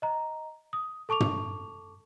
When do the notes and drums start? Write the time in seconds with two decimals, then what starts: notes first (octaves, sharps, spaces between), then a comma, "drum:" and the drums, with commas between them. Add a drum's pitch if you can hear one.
0.02 D#5 A#5
0.73 D#6
1.09 A4 A5 C#6 D6 F7
1.20 drum: tom